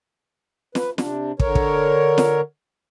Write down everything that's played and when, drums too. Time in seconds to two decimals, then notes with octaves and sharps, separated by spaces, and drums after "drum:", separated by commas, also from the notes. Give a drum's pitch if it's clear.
0.75 B4, drum: snare
0.98 C3 D4, drum: snare
1.40 D3 A#4 C#5, drum: kick
1.55 drum: kick
2.18 drum: snare